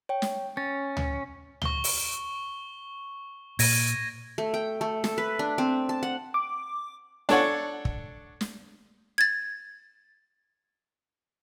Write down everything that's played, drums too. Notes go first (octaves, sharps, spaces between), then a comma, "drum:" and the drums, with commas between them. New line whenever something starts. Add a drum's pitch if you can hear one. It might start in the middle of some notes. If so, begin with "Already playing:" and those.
C#5 G5
drum: snare
C#4 A6
drum: tom C#2
C#6 G7, drum: tom C#2
drum: open hi-hat
A#2 G#6 A#6 D#7, drum: open hi-hat
A3
G5
A3
A4, drum: snare
B4
D4
C4
A5
F#5
D6
D4 A4 C#5 F#5, drum: snare
drum: kick
drum: snare
G#6 A6